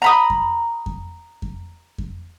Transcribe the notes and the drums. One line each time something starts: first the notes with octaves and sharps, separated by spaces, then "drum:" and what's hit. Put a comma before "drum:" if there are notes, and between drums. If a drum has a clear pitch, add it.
A#5 B5 D#6
drum: kick F2
drum: kick F2
drum: kick F2
drum: kick F2